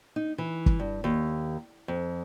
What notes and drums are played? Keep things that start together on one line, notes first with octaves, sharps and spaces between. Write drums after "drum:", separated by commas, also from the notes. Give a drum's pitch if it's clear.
D#4
E3
drum: kick
G2
D#2
F2